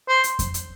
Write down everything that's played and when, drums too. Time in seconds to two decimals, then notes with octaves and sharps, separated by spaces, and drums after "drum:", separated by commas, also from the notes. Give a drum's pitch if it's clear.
0.09 C5
0.24 drum: hi-hat
0.39 drum: kick F2, hi-hat
0.54 drum: hi-hat